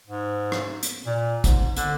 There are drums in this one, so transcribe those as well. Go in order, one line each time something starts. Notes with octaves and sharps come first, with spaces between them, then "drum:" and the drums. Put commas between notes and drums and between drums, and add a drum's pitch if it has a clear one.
G#2
drum: rim click
drum: hi-hat
A#2
G#2, drum: kick A1, hi-hat
D3, drum: hi-hat